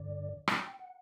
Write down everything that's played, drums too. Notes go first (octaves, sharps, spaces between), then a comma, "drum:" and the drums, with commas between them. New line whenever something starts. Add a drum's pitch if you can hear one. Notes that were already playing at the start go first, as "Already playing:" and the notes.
Already playing: G2 D3 D5
drum: rim click
G5
F#5